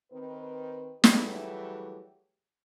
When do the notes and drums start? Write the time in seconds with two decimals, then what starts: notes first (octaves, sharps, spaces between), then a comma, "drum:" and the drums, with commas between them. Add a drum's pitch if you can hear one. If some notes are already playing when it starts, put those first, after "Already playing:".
0.11 D#3 C4 B4
1.04 E3 F#3 G3 A3 G4 G#4, drum: snare